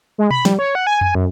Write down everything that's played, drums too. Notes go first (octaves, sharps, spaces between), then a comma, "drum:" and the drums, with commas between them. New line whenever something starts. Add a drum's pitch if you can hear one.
G#3
B5, drum: tom B2
G3, drum: snare
C#5
F#5
G#5
G#5, drum: tom F2
F#2